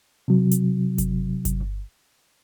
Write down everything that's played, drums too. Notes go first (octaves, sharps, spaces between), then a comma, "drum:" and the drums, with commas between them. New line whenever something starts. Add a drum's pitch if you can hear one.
C3 F#3
drum: hi-hat
drum: kick G1, hi-hat
drum: kick G1, hi-hat